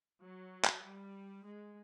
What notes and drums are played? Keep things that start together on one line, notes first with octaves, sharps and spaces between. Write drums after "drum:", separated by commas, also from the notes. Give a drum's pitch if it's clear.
F#3
drum: clap
G3
G#3